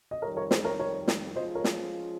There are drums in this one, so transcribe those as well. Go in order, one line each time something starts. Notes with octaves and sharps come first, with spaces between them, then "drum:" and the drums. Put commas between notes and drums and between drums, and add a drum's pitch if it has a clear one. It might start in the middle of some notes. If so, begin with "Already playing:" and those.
D#5
F2 D#3 G3 A#4 C#5
A#4 C#5
G#4 C5, drum: snare
A#4 C#5
A#4 C#5
drum: snare
F3 G#3 C#4 F4 C5 D#5
A#4 C#5
drum: snare